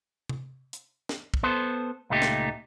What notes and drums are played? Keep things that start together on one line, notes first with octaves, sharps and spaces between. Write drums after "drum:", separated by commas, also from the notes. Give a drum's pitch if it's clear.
drum: tom C3
drum: hi-hat
drum: snare
drum: kick
B3 A4 C5
C#2 A#2 A3 D#4 G4
drum: snare